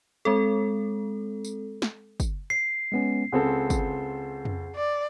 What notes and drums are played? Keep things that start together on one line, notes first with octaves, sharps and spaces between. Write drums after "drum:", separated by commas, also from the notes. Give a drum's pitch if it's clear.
G#3 C4 A4
drum: tambourine
drum: snare
drum: kick, tambourine
C7
G#3 B3 C#4
C#2 C4 G#4 A4 F#5
drum: kick, tambourine
drum: tom F2
D5